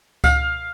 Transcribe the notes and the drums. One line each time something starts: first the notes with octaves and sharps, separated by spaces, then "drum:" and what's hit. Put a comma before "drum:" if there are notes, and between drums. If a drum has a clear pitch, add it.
F5, drum: kick C#2, tambourine